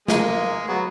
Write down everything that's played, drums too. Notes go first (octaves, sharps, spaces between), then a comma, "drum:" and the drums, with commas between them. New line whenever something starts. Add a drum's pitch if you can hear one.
F3 G#3 A#3, drum: snare
F#3 B3